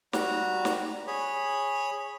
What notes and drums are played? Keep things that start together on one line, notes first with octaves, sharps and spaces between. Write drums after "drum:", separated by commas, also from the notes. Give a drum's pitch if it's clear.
G3 F#4 A#5, drum: snare
drum: snare
G#4 C#5 B5